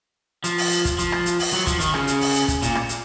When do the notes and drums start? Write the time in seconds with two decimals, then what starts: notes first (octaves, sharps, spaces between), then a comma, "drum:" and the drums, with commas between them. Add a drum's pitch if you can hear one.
0.44 F3, drum: hi-hat
0.58 drum: open hi-hat
0.71 drum: hi-hat
0.85 drum: kick, hi-hat
0.99 F3, drum: hi-hat
1.12 drum: rim click
1.26 drum: hi-hat
1.39 drum: open hi-hat
1.53 F#3
1.67 F3, drum: kick, hi-hat
1.80 D#3, drum: hi-hat
1.94 C#3, drum: rim click
2.07 drum: hi-hat
2.21 drum: open hi-hat
2.35 drum: hi-hat
2.48 drum: kick, hi-hat
2.62 A#2, drum: hi-hat
2.75 drum: rim click
2.89 drum: hi-hat